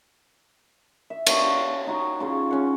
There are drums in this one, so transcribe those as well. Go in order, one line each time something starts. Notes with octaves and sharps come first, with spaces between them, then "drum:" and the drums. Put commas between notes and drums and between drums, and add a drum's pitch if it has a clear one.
E5
C#5 F5, drum: cymbal
D#4 F#4
C#3 F4 C#5
C#4 F#5